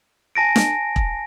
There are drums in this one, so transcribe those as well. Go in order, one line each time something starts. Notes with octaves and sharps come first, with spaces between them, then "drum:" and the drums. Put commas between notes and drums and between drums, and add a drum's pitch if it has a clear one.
G#5 A5 A#6 D7
drum: snare
drum: kick E1